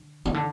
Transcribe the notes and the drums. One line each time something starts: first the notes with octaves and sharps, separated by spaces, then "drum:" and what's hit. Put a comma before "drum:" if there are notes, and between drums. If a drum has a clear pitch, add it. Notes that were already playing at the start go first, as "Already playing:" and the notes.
Already playing: D3
C3, drum: tom
D3